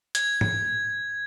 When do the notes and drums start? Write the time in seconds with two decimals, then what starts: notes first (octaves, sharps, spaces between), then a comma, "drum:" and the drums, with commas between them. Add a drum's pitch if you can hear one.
0.15 G#6, drum: hi-hat
0.41 drum: tom G#2